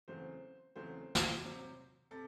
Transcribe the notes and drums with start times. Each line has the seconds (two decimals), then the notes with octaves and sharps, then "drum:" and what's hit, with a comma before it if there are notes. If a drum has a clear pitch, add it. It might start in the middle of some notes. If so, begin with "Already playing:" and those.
0.08 E2 C#3 F#3 A3 C4 C5
0.76 E2 C#3 F#3 A3 C4 C5
1.15 drum: snare
1.43 C3 F#3 C4
2.11 C3 A4